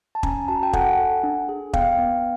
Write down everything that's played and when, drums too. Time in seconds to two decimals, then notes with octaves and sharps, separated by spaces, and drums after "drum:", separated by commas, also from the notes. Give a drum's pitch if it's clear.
0.15 A5
0.23 C#4 G#5 A#5, drum: kick
0.48 F#4 A5
0.56 A#5
0.63 G5 A5
0.73 A4 F#5 G#5, drum: kick
0.98 A4
1.23 D4
1.49 G#4
1.73 B3 F5 G5, drum: kick
1.99 B3